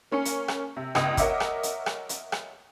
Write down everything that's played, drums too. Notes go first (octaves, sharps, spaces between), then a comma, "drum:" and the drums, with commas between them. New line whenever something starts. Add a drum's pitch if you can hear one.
A#3 C#4 C#6 C#7
drum: hi-hat
drum: rim click
C3
G1 C#2 D#5 D#6, drum: rim click
A#4 C#5 D#5 E5 F#5 D6, drum: kick, hi-hat
drum: rim click
drum: hi-hat
drum: rim click
drum: hi-hat
drum: rim click